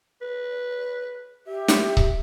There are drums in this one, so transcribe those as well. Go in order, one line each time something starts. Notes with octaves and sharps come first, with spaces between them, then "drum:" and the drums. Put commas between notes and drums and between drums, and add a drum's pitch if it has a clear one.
B4
G4 E5
drum: snare
drum: kick C#1